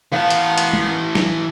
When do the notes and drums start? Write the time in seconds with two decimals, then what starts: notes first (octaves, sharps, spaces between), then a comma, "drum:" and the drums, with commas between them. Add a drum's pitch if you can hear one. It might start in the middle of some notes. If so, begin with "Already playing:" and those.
0.12 D#3 E3 B3 F5 A5
0.30 drum: hi-hat
0.58 drum: hi-hat
0.73 drum: tom
1.15 drum: snare